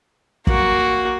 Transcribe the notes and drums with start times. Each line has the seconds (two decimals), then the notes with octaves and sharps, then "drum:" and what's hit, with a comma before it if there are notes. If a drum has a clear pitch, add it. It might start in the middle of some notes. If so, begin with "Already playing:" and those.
0.47 A#3 F#4, drum: kick